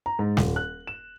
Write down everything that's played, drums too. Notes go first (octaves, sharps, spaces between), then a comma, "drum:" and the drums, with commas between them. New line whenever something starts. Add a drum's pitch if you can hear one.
A#5
G#2
D#1, drum: snare
F#6
E7